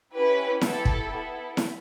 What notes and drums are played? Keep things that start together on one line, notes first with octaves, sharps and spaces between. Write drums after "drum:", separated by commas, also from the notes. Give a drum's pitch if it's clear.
C#4 E4 G4 B4
B3 E4 G4 A4, drum: snare E4
drum: kick
B3 E4 A4
drum: snare E4